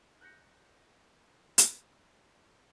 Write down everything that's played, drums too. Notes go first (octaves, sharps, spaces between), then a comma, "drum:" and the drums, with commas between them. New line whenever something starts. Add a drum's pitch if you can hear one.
F#6 G6 A#6 C#7
drum: hi-hat